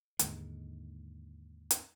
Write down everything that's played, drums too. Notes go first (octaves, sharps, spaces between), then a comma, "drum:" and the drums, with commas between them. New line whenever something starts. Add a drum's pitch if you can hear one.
D#2 G#2 D3 G#3, drum: hi-hat
drum: hi-hat